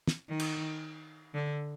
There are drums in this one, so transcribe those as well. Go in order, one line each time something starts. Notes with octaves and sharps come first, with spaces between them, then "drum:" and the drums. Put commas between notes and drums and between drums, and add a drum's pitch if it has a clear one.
drum: snare
D#3
drum: cymbal
D3